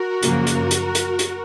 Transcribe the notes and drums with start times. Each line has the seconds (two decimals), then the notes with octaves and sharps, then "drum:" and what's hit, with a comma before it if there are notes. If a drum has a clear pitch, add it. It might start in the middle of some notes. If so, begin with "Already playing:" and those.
Already playing: F#4 A#4
0.23 F#2 C#3 F3 A#3, drum: hi-hat
0.47 drum: hi-hat
0.71 drum: hi-hat
0.95 drum: hi-hat
1.19 drum: hi-hat